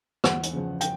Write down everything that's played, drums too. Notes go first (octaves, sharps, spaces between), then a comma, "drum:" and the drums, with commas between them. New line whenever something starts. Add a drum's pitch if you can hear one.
E2 F#5, drum: rim click
drum: hi-hat
C#3 F3
G5, drum: hi-hat